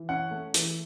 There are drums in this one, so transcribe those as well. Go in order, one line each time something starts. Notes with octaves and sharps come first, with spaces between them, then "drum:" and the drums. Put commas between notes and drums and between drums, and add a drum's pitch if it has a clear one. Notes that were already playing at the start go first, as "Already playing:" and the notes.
Already playing: E3
C#4 F#5
A3
E3, drum: hi-hat